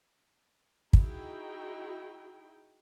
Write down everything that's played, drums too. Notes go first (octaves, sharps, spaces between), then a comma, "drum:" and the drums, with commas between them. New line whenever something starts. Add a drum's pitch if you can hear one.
D#4 E4 F#4 G#4 G5, drum: kick